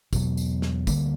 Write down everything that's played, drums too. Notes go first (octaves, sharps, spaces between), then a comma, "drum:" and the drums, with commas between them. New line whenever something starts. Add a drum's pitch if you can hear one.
E2 B2 F#3, drum: kick, tambourine
drum: tambourine
drum: snare
D2 D3 G3 A#3, drum: kick, tambourine